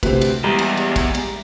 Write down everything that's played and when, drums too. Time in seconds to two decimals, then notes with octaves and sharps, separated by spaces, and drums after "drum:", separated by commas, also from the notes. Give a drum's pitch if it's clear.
0.03 D2 C3 B4 C5, drum: kick, cymbal
0.21 drum: cymbal
0.44 E2 G3 G#3 G4 A#5
0.59 drum: cymbal
0.77 drum: cymbal
0.96 drum: kick, cymbal
1.14 drum: cymbal